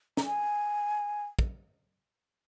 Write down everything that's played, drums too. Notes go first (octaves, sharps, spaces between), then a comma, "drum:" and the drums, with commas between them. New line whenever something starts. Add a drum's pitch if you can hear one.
A#5, drum: snare
G#5
drum: kick